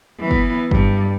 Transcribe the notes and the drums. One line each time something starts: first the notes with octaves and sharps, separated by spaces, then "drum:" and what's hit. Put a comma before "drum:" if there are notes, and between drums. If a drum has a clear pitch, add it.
E3 B3
drum: kick
G2, drum: kick